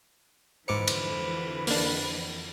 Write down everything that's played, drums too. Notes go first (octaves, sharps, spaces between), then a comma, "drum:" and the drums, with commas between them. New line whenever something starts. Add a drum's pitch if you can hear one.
F2 G#2 D3 E3 B4 C5 D6 C#7
drum: cymbal
A#3 D4, drum: open hi-hat